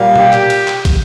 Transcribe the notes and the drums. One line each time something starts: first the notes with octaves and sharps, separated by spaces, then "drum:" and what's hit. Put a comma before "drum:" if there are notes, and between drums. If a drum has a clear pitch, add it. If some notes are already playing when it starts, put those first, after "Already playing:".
Already playing: A#2 G3 A#3
G4, drum: tom B2
drum: clap
drum: cymbal
drum: clap
drum: kick, cymbal